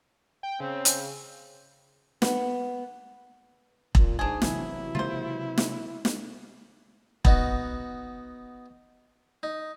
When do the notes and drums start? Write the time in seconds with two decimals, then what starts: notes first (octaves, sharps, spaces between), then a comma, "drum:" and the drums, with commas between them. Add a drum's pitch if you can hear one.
0.43 G5
0.60 C#3 C4
0.85 drum: hi-hat
2.22 B3, drum: snare
3.95 A#2, drum: kick E1
4.19 G#2 D4 G#4
4.42 C3 E3 F#3 E4, drum: snare
4.95 C#3 G#3 A#3 F4 C5
5.58 drum: snare
6.05 drum: snare
7.25 B3 D#4 F#4, drum: kick E1
9.43 D#4